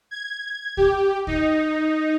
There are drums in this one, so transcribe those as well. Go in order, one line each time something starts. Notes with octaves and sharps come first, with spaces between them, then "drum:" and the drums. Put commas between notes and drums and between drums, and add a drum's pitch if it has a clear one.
G#6
G4, drum: kick
D#4, drum: kick